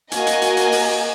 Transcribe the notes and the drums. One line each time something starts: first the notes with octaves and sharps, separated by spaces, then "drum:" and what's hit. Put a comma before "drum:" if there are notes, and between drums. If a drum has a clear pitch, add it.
A#3 F#4 A#4 D#5 G#5, drum: hi-hat
drum: hi-hat
drum: hi-hat
drum: hi-hat
drum: open hi-hat